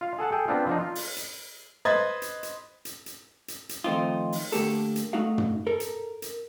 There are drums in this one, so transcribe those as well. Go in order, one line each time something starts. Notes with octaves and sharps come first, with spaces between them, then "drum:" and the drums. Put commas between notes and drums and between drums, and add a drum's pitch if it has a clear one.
F4 F5
G#4 A4 F#5 A5
G#4 A4 G5
B3 C4 D4 F4
F3 D4 D#4
F4
drum: open hi-hat
drum: hi-hat
B4 C5 D#5 B5 G#6 A6
drum: hi-hat
drum: hi-hat
drum: hi-hat
drum: hi-hat
drum: hi-hat
drum: hi-hat
D#3 F3 A3 C4 D#4 F4
drum: open hi-hat
D3 A3 A#3 G4 A4, drum: hi-hat
drum: hi-hat
A3 D#4 F#4 F5
drum: tom
A4 A#4
drum: hi-hat
drum: hi-hat